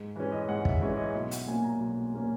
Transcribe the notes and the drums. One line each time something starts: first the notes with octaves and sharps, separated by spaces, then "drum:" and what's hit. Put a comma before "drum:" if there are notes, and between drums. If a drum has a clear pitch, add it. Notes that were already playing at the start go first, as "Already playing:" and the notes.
Already playing: G#2
E3 G#3 C#4 B4
D#5
G#2 F#5
E5, drum: kick
E3 G#3 C#4 C#5
D#5
D#5
B1 E5
F#5, drum: hi-hat
A#2 A#3 C#4 G#5
A#5
B1
A#2 A#3 C#4